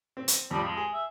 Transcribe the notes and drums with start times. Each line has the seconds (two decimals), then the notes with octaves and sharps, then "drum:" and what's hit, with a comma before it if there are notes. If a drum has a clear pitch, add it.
0.17 C4
0.28 drum: hi-hat
0.51 F2 F3 G3 B5
0.64 G#3
0.77 G#4
0.94 E5